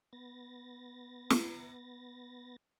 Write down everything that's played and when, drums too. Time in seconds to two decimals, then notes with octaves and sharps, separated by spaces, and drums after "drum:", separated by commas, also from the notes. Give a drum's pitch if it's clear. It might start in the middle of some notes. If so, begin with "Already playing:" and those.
0.13 B3 A6 A#6
1.30 drum: snare